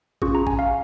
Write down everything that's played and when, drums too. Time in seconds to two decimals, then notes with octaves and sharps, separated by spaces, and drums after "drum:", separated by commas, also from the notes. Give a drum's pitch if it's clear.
0.22 C#4 F4 G#4 C#6, drum: kick A1
0.35 A#5
0.47 G#5, drum: kick A1
0.59 F5